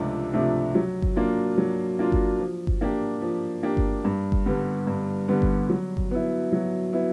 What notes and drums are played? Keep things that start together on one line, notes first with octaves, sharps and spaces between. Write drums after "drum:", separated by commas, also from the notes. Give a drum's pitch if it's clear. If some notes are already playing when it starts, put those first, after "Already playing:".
Already playing: C#2 C3 F3 A3 D4
C3 F3 A3 D4
F#3
drum: kick G1
A#3 D4 F4
F#3
A#3 D4 F4
drum: kick G1
F3
drum: kick G1
A#3 D4 G4
F3
A#3 D4 G4
drum: kick G1
G2
drum: kick G1
D3 G3 B3
G2
D3 G3 B3
drum: kick G1
F#3
drum: kick G1
B3 E4
F#3
B3 E4